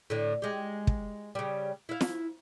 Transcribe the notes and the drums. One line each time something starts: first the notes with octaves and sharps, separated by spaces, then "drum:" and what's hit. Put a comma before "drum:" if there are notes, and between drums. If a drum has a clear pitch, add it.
A2 D3
G#3 G4
drum: kick
C#3 G3
E4 F5
drum: snare